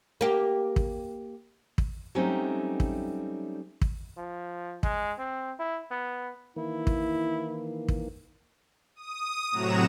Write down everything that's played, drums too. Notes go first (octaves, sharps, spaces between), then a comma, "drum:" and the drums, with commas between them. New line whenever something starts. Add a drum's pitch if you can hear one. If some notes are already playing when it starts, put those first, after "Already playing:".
A#3 G4
drum: kick
drum: kick
F#3 G3 A3 C4 C#4 D#4
drum: kick
drum: kick
F3
G#3, drum: kick
C4
E4
B3
D#3 E3 A#3 E4
drum: kick
drum: kick
D#6
A2 C3 F#3 F#4 A#5 E7